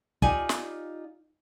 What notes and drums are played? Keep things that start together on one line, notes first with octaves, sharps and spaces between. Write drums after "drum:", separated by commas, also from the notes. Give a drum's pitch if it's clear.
D#4 F4 G4 D5 F5 G#5, drum: kick
drum: snare